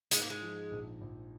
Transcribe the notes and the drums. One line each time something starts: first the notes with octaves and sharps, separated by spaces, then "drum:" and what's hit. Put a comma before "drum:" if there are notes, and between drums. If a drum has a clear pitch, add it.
G#2 G#3, drum: hi-hat
A#3
G#3
F3
A#1
A#1